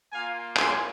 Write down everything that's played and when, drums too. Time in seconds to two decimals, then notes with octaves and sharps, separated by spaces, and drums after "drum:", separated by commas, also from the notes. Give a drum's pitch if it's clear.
0.12 A#3 F4 F5 G#5
0.57 G#5 C6, drum: clap